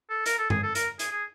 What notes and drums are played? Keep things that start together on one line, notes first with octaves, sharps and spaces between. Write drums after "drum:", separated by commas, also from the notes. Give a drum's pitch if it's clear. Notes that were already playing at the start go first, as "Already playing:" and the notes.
A4
A#4, drum: hi-hat
A4
G#4, drum: tom G2
A4
A#4, drum: hi-hat
G#4, drum: hi-hat
G#4